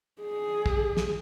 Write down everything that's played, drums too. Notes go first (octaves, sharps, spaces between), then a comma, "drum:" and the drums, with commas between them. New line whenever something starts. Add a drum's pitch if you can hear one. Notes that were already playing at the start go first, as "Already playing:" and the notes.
G#4
drum: kick
drum: snare